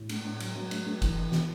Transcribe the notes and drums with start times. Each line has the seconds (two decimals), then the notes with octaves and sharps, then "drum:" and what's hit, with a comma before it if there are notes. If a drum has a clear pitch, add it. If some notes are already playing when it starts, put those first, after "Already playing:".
Already playing: A2 E4
0.09 A3, drum: cymbal
0.25 A2
0.40 F#3, drum: cymbal
0.55 F#3
0.71 A3, drum: cymbal
0.86 A3
1.02 E3, drum: kick F#1, cymbal
1.17 E3
1.32 F#4, drum: snare